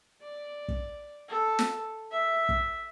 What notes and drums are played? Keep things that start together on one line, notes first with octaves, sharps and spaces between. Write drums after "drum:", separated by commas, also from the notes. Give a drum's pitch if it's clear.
D5
drum: kick
A4
drum: snare
E5
drum: kick